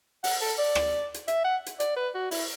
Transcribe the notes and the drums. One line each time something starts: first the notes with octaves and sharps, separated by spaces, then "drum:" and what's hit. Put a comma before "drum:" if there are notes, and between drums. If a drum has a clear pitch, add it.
F#5, drum: open hi-hat
A4
D5
drum: rim click
drum: hi-hat
E5, drum: hi-hat
F#5
drum: hi-hat
D5, drum: hi-hat
B4
F#4
E4, drum: open hi-hat